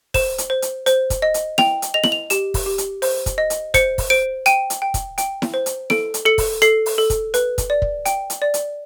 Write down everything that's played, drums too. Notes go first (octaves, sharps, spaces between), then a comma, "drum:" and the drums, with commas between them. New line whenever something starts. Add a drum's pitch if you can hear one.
C5 E7, drum: kick, open hi-hat
drum: hi-hat
C5
drum: hi-hat
C5, drum: hi-hat
drum: kick, hi-hat
D#5
drum: hi-hat
G5 F7, drum: snare E4
drum: hi-hat
D#5 F7
F#7, drum: snare E4
F7
G4 E7, drum: hi-hat
drum: kick, open hi-hat
G4
drum: hi-hat
C5, drum: open hi-hat
drum: kick, hi-hat
D#5
drum: hi-hat
C5 C#7, drum: kick, hi-hat
drum: kick, open hi-hat
C5 D7
G5 D#7, drum: hi-hat
drum: hi-hat
G5
drum: kick, hi-hat
G5, drum: hi-hat
drum: snare E4
C5
drum: hi-hat
A4 D7, drum: snare E4
drum: hi-hat
A4 C#7
drum: kick, open hi-hat
A4 C7, drum: hi-hat
drum: open hi-hat
A4
drum: kick, hi-hat
B4, drum: hi-hat
drum: kick, hi-hat
D5
drum: kick
G5, drum: hi-hat
drum: hi-hat
D5
drum: hi-hat